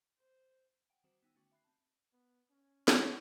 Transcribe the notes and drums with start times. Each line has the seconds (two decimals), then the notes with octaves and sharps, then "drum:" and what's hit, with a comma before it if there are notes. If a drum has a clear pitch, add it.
0.17 C5
0.90 F#5 G5 D7
1.04 D#3 G3 C4 F#4 C5 E7
1.22 B3 D#4 G5 E6
1.35 D3 A3 C#4 F#4 G5 C#6
1.52 E5 B5 F#6 C7
1.64 C4 A5
2.12 B3
2.50 C#4
2.88 drum: snare